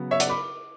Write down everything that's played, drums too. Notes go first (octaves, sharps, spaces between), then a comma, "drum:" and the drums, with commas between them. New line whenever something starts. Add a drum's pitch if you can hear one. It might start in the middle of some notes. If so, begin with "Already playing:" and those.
Already playing: C#3 F#3 B3
C#5 E5
D5 F#5, drum: hi-hat
B5 D6